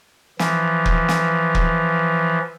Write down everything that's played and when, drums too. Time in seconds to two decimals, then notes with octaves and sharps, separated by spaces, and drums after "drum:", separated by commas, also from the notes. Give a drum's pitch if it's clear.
0.39 E3 F3, drum: snare
0.85 drum: kick
1.09 drum: snare
1.55 drum: kick